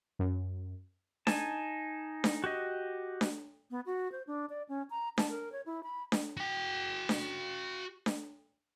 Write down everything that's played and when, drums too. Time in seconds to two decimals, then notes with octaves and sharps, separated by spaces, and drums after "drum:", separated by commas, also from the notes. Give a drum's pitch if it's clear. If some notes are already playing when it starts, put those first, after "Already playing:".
0.19 F#2
1.27 D#4 G#5 A5, drum: snare D4
2.24 drum: snare D4
2.44 F#4 G4 D#5
3.21 drum: snare D4
3.71 B3
3.86 F#4
4.12 C5
4.27 D4
4.50 D5
4.69 C#4
4.90 A#5
5.18 A5, drum: snare D4
5.30 A#4
5.52 C#5
5.66 E4
5.83 B5
6.12 drum: snare D4
6.37 F#4 G5
7.09 drum: snare D4
8.06 drum: snare D4